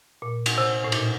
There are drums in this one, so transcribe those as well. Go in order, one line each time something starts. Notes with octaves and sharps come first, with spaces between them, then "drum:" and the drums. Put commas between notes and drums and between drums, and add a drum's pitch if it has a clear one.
A#2
drum: cymbal
C3
A2
A#2, drum: cymbal